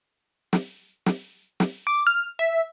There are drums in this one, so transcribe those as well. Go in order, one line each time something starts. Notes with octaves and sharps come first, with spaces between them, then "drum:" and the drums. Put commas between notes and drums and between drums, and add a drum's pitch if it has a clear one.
drum: snare
drum: snare
drum: snare
D6
F6
E5